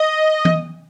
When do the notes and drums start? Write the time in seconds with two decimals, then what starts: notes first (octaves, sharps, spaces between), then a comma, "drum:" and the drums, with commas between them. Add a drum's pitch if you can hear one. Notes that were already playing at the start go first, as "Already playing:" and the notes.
Already playing: D#5
0.45 drum: tom E3